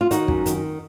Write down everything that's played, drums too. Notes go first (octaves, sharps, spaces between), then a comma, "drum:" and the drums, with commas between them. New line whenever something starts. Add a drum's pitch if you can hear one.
F4
D#3 D#4 F#4, drum: hi-hat
F#2, drum: kick
D#3, drum: hi-hat